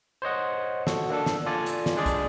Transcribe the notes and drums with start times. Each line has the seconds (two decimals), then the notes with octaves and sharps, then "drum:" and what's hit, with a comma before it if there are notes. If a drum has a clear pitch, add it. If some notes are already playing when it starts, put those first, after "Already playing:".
0.22 C5 C#5 D#5 F#5
0.87 F#4 A4, drum: snare
1.10 A#3 D4 A4
1.26 drum: snare
1.46 F4 A4 D5 G#5
1.66 drum: hi-hat
1.86 drum: snare
1.96 G#3 D4 G#4 D5
2.06 drum: kick, hi-hat